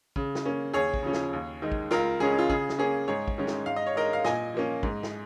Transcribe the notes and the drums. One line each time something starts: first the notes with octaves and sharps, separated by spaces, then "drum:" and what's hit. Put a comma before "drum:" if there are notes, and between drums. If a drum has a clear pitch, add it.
C#3, drum: kick
drum: snare
A#3 C#4
D#2 G#4 C#5
drum: kick
C#3 F3 C#4
drum: snare
D#2
D#3 G#3 D#4
drum: kick
C#2 F4 A#4, drum: snare
C#3 G#3 C#4 G#4
F4
C#3 G#4, drum: kick
drum: snare
A#3 C#4 G#4
G#2 G#4 C#5
drum: kick
D#3 G#3 C#4
drum: snare
G#2 F5
D#5
C#5
G#3 D#4 A#4 D#5
F5
A#2 D#5 G#5, drum: snare
F3 A#3 C#4
G#2, drum: kick
drum: snare